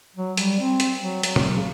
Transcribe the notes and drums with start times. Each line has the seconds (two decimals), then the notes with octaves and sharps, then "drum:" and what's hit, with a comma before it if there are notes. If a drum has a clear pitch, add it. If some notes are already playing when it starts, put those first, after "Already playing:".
0.16 F#3
0.37 G3, drum: hi-hat
0.60 C4
0.80 drum: hi-hat
1.00 F#3
1.23 F#3, drum: hi-hat
1.36 drum: tom
1.55 C#3